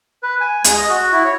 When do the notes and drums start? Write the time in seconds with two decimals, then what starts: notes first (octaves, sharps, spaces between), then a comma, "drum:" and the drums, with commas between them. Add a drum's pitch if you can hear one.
0.23 B4
0.41 G#5
0.64 G#3, drum: hi-hat
0.78 D#5
0.89 F#4
1.12 E4
1.25 C#5